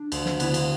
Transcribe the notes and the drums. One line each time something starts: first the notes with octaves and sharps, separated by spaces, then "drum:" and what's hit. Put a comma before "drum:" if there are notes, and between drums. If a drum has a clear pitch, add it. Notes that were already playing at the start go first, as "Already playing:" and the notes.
Already playing: D4
D2, drum: cymbal
drum: snare
D3 B3 E4, drum: cymbal
drum: cymbal